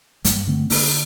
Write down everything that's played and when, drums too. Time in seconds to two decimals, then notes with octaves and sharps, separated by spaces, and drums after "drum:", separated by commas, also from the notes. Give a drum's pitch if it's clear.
0.25 G2 G3 A#3, drum: hi-hat
0.47 D3 A3 C4
0.70 D3 A#3 D4, drum: open hi-hat